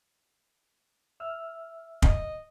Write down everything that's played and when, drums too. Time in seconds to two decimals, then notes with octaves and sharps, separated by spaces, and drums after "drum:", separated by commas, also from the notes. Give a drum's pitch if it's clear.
1.20 E5 E6 F6
2.02 D#5, drum: kick